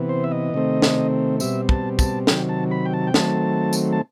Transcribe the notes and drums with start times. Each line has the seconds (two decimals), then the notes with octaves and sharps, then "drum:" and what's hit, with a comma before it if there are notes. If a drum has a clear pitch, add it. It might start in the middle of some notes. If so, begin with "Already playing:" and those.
Already playing: C3 E3 B3
0.09 C5
0.24 E5
0.31 D#5
0.54 C3 D#3 A3 C4
0.82 drum: snare
1.40 B2 G3 C4 E5, drum: tambourine
1.69 A5, drum: kick
1.99 A5, drum: kick, tambourine
2.27 C3 D#3 F#3 G5, drum: snare
2.49 A5
2.71 B5
2.85 G5
2.94 A5
3.07 G5
3.14 D#3 F#3 A3 C4 A5, drum: snare
3.73 drum: tambourine
3.93 A5